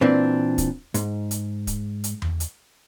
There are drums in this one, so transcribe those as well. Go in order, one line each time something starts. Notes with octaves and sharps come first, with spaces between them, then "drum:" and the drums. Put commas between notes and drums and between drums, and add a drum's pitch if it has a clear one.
A#2 E3 C4 D4
drum: kick, hi-hat
G#2, drum: hi-hat
drum: hi-hat
drum: kick, hi-hat
drum: hi-hat
drum: tom E2
drum: hi-hat